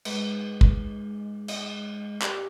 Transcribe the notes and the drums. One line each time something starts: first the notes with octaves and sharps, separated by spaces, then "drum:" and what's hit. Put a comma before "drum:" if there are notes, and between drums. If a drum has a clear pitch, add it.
G#2 G#3 B4, drum: cymbal
drum: kick
F4 D#5, drum: cymbal
G4 D5, drum: clap